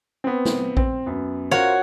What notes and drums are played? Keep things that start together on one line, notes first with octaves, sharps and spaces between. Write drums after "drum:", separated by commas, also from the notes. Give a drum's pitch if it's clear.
B3 C4
drum: snare
C4, drum: kick A#1
F#2 B3
F4 F#4 A#4 C5 C#5